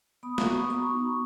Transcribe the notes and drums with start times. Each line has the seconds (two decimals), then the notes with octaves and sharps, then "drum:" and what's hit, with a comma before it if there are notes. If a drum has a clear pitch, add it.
0.23 B3 B5 D#6
0.38 A#5 C#6, drum: snare
0.47 F#4
0.54 B5 D#6
0.70 B3 A#5 C#6
0.93 D#4